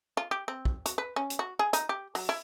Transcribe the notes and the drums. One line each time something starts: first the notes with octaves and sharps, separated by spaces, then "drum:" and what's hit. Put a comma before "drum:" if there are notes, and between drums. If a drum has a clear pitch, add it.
F4
G4
C4
drum: kick
F#4, drum: hi-hat
B4
C#4
drum: hi-hat
F#4
G#4
D#4, drum: hi-hat
G4
F#3, drum: open hi-hat
E4